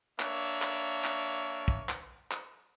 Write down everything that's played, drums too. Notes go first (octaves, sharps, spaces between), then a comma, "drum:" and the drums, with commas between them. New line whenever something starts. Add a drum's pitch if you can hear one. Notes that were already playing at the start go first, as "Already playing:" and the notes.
A#3 D4 C#5 E5, drum: clap
drum: clap
drum: clap
drum: kick
drum: clap
drum: clap